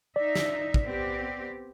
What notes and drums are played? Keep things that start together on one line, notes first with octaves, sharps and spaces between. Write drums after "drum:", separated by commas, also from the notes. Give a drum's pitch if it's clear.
D#4 D5 E5
drum: snare
drum: kick
B3 C4 G4